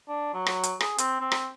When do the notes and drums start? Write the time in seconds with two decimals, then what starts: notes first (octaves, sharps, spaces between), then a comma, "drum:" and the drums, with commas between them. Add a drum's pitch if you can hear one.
0.08 D4
0.34 F#3
0.46 drum: rim click
0.63 drum: hi-hat
0.80 G#4, drum: rim click
0.98 C4, drum: hi-hat
1.20 C4
1.32 drum: rim click